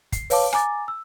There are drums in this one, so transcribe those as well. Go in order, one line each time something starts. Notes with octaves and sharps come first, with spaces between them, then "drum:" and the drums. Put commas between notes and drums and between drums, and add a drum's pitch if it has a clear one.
C7, drum: kick, hi-hat
B4 C#5 F5 A5 D6, drum: open hi-hat
G#5 A#5 D6 A6, drum: rim click
E6